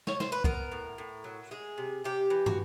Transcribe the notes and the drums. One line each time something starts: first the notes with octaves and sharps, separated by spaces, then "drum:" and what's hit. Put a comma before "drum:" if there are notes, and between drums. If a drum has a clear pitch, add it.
C#5, drum: snare
C5, drum: snare
B4
B3 A#4, drum: kick
A2
A2
F#3
G#3 G#4
C3
C3 G4
E3
F#4, drum: tom